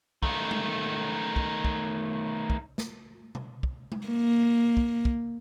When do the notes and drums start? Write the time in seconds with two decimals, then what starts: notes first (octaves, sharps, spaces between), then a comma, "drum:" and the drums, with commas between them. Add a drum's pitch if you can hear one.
0.23 D#3 A3, drum: kick
0.51 drum: tom G#3
1.36 drum: kick
1.65 drum: kick
2.50 drum: kick
2.78 drum: snare
3.35 drum: tom B2
3.63 drum: kick
3.92 drum: tom G#3
4.07 A#3
4.77 drum: kick
5.05 drum: kick